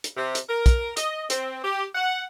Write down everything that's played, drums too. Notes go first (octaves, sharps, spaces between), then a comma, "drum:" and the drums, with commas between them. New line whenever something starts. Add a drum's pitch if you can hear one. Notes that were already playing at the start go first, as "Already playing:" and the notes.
drum: hi-hat
C3
drum: hi-hat
A#4
drum: kick, hi-hat
D#5, drum: hi-hat
C4, drum: hi-hat
G4
F#5